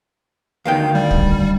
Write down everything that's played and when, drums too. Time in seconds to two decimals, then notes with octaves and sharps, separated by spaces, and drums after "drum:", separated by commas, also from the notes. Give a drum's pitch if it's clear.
0.66 D2 D#3 F5 G5
0.95 G3
1.11 drum: kick